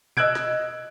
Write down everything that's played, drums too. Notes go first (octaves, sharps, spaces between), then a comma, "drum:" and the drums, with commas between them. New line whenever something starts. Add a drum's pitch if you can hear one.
D#5 E6 F#6 G#6 D7, drum: tom A#2
drum: snare